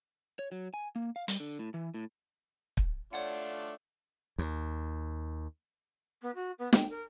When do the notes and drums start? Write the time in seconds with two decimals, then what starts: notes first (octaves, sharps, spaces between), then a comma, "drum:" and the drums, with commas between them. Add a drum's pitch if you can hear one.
0.39 C#5
0.52 F#3
0.74 G#5
0.96 A#3
1.16 F5
1.28 G3, drum: hi-hat
1.40 D3
1.59 A2
1.74 E3
1.94 A2
2.77 drum: kick
3.13 A3 D4 F4 C#5 D5 F#5
4.38 D#2
6.22 B3
6.35 F#4
6.58 B3
6.73 G5, drum: snare
6.90 A#4